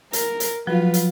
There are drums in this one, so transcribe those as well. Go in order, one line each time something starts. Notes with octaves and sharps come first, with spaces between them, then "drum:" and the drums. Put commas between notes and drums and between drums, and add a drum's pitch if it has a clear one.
A#4, drum: hi-hat
drum: hi-hat
F3 F#3 F4 F#4 B4
drum: hi-hat